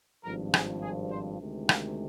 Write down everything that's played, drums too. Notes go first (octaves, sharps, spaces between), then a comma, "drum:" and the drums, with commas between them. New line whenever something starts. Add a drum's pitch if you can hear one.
G#1 G2 F3 A#4
G#4, drum: rim click
G#4
C5
D2 C3 D#3 G#3
F5, drum: rim click